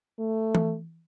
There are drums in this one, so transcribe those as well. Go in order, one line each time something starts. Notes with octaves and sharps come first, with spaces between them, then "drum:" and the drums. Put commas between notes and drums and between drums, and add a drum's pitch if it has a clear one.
A3
drum: tom E3